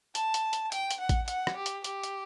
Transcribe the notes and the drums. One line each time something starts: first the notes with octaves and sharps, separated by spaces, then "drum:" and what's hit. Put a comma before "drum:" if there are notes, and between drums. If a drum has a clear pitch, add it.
A5, drum: hi-hat
drum: hi-hat
drum: hi-hat
G5, drum: hi-hat
drum: hi-hat
F#5
drum: kick A1, hi-hat
F#5, drum: hi-hat
drum: rim click
G4
drum: hi-hat
G4, drum: hi-hat
drum: hi-hat